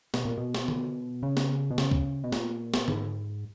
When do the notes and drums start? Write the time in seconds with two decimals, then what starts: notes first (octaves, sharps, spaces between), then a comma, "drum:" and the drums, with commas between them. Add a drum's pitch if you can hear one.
0.14 B2, drum: snare
0.25 A#2
0.38 B2
0.55 drum: snare
0.68 drum: tom D3
1.23 C#3
1.37 drum: snare
1.71 B2
1.78 C#3, drum: snare
1.91 drum: kick C#2
2.24 B2
2.32 A#2, drum: snare
2.74 drum: snare
2.88 G#2, drum: tom D3